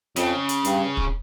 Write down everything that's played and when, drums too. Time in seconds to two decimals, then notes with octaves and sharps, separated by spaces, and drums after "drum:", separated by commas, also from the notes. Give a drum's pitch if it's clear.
0.16 F2 C#3, drum: hi-hat
0.49 drum: hi-hat
0.65 G2, drum: hi-hat
0.97 drum: kick